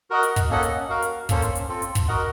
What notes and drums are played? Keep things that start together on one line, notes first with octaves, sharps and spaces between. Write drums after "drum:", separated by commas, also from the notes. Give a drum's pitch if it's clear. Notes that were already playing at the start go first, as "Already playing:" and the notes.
F#4 A#4 D#5 F#5
drum: hi-hat
drum: kick, hi-hat
A#3 C#4 A4 D#5 F#5
drum: hi-hat
F#4 A#4 F5
drum: hi-hat
A#3 C#4 A4 C5, drum: kick, hi-hat
drum: hi-hat
drum: hi-hat
C4 F4 A4
drum: hi-hat
drum: kick, hi-hat
F#4 A#4 D#5 F#5